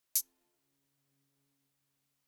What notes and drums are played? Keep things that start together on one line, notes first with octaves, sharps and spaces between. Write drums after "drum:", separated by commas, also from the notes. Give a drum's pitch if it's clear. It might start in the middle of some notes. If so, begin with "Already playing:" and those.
C4 F4 A4 D#5, drum: hi-hat
C#3